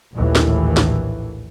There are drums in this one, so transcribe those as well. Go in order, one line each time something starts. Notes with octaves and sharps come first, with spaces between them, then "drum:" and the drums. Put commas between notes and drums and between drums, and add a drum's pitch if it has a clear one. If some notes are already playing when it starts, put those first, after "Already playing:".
A#1 D#2 A2 E3
drum: snare
drum: snare